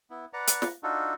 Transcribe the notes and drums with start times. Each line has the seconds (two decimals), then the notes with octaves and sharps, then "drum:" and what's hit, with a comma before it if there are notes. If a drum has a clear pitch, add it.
0.10 B3 E4
0.33 B4 D5 F#5 A#5
0.48 drum: hi-hat
0.62 drum: snare
0.83 D4 D#4 F4 F#4 A4